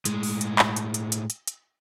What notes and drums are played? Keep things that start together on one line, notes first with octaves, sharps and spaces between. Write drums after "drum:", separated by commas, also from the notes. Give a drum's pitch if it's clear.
A2 G#3, drum: hi-hat
drum: open hi-hat
drum: hi-hat
drum: clap
drum: hi-hat
drum: hi-hat
drum: hi-hat
drum: hi-hat
drum: hi-hat